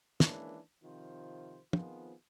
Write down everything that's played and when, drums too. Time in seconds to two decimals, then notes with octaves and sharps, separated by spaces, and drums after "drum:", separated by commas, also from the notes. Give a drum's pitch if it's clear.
0.20 D#3 E3 G#3 A#3 C#4 D4, drum: snare
0.83 C3 D#3 F3 C4 F4 C5
1.73 D#3 F3 B3 C4 F4 G#4, drum: tom